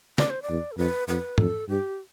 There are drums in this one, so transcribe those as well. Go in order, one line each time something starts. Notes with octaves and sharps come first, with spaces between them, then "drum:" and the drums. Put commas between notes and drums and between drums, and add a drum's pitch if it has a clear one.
D5, drum: snare
C5
D5
E2
A4
F2 B4
F2 B4
F2 A4, drum: tom
G2 G4